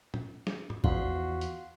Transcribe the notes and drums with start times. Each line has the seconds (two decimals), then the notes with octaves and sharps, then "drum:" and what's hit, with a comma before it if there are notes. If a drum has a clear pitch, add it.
0.14 drum: tom
0.47 drum: snare
0.70 drum: tom
0.84 E2 F3 F#4 F5 F#5 C6, drum: kick A1
1.41 drum: hi-hat